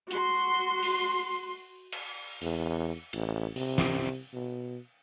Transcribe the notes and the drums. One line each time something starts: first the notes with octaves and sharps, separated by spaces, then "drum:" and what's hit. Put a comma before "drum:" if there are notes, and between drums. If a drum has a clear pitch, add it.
F#4 C6, drum: hi-hat
drum: open hi-hat
drum: cymbal
E2, drum: open hi-hat
A1, drum: cymbal
C3, drum: open hi-hat
drum: snare
B2